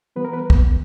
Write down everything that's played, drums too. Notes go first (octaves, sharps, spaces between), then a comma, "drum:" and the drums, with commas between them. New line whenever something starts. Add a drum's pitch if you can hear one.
E3 G3 B3 B4
A#4
B4
drum: kick